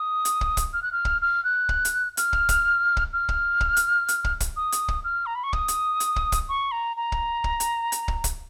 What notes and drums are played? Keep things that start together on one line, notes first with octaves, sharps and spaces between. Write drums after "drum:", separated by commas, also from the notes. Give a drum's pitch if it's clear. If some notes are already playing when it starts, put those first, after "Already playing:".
Already playing: D#6
drum: hi-hat
drum: kick
drum: kick, hi-hat
F6
F#6
F6
drum: kick
F6
F#6
drum: kick
drum: hi-hat
F6, drum: hi-hat
drum: kick
drum: kick, hi-hat
drum: kick
F6
drum: kick
drum: kick
drum: hi-hat
drum: hi-hat
drum: kick
drum: kick, hi-hat
D#6
drum: hi-hat
drum: kick
F6
A#5
B5
C#6
D#6, drum: kick
drum: hi-hat
drum: hi-hat
drum: kick
drum: kick, hi-hat
C#6
A#5
A#5
drum: kick
drum: kick
drum: hi-hat
drum: hi-hat
drum: kick
drum: kick, hi-hat